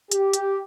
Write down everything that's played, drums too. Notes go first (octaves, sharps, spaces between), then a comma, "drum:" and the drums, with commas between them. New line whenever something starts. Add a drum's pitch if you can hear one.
G4, drum: hi-hat
drum: hi-hat